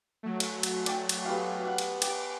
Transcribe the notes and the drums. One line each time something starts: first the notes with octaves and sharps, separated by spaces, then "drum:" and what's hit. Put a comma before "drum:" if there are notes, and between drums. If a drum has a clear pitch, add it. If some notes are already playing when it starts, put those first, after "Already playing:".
F#3 A3
drum: cymbal
drum: cymbal
D5 G5, drum: cymbal
drum: cymbal
B3 G4 F5
D5 F#5
drum: cymbal
G4 D6, drum: cymbal